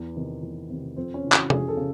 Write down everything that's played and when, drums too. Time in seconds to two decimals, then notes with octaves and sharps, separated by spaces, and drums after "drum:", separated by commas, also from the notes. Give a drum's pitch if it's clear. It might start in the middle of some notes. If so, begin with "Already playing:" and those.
Already playing: E2 B3
0.16 C3 D#3
0.43 E2
0.69 C3 D#3
0.96 F2 C4
1.14 C#4
1.24 C#3 E3
1.32 F#4, drum: clap
1.50 F2 G#4, drum: tom
1.68 A4
1.77 C#3